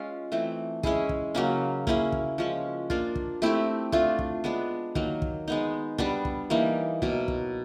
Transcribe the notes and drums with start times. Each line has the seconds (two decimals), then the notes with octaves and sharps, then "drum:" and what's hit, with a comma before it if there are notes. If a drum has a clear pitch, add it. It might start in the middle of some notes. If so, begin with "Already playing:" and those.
Already playing: G#3 C#4 F4
0.32 E3 A3 C4
0.83 G#3 C#4 E4 G#4, drum: kick
1.09 drum: kick
1.35 C#3 F#3 A#3 C#4
1.87 A#3 C#4 E4 G#4, drum: kick
2.12 drum: kick
2.38 F3 G#3 C#4
2.90 A#3 D4 F4, drum: kick
3.15 drum: kick
3.42 A3 C4 E4 G4
3.92 A3 D4 F4, drum: kick
4.19 drum: kick
4.44 G#3 B3 D4
4.95 D#3 F#3 A#3, drum: kick
5.22 drum: kick
5.48 G#3 B3 D#4
5.98 G3 B3 D4, drum: kick
6.25 drum: kick
6.50 E3 G3 A#3 D#4
7.02 B2 F#3 A#3, drum: kick
7.28 drum: kick